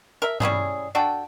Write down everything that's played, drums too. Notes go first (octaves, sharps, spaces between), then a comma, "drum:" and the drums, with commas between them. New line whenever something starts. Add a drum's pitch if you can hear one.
A#4 E5
G3 C#4 E4 G#4, drum: tom G2
D4 F#4 A4 G5